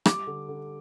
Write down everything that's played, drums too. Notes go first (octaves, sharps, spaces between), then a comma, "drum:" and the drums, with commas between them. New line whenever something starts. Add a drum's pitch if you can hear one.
G3 D6, drum: rim click
D3
D3